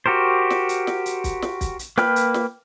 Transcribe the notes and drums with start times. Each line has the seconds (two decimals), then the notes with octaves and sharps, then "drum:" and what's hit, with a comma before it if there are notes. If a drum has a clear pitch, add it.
0.06 F#4 G4 A#4 C5
0.50 drum: snare
0.69 drum: hi-hat
0.87 drum: snare
1.06 drum: hi-hat
1.24 drum: kick, hi-hat
1.42 drum: snare
1.61 drum: kick, hi-hat
1.79 drum: hi-hat
1.98 A#3 B4 G5 B5 F6, drum: snare
2.16 drum: hi-hat
2.34 drum: snare